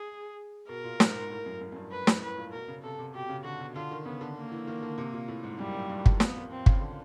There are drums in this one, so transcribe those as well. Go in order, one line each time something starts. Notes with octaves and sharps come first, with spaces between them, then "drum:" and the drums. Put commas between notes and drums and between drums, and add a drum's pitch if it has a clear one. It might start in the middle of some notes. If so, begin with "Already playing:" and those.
Already playing: G#4
B2 A#4
A#2
G#2, drum: snare
G#2
A2
F#2
F#2
F#2
G2
B4
A2, drum: snare
A2 B4
A#2
B2 A#4
C#3
C3 A4
C3
B2 G4
C#3
D3 F#4
B2
D3 F4
D#3
C#3 B3
D3
A#3
E3
D#3
D3
C3
A#2
A2
G#2
F#2 G3
F#2
G2
G2, drum: kick
F2 B3, drum: snare
A#2
C4
C#3, drum: kick
D3